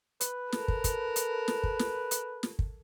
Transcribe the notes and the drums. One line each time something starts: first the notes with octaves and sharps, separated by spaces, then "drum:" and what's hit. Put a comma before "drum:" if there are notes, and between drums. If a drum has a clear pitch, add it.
B4, drum: hi-hat
A4 A#4, drum: snare
drum: kick
drum: kick, hi-hat
drum: hi-hat
drum: snare
drum: kick
drum: snare
drum: hi-hat
drum: snare
drum: kick